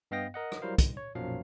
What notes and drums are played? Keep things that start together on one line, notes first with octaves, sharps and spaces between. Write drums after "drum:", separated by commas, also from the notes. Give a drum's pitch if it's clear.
G2 B3 D#5 F5 G5 A#6
A#4 D#5 F#5
drum: rim click
F#3 G3 E4 A#4 C5 F5
C2, drum: kick, hi-hat
C#5
B1 F#2 A#2 F3 F#3 F5